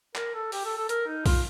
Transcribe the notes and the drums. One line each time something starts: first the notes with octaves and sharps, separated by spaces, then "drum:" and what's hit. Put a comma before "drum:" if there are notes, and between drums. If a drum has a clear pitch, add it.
A#4, drum: clap
A4
G4, drum: open hi-hat
A4
A4
A#4, drum: hi-hat
D#4
F4, drum: kick B1, open hi-hat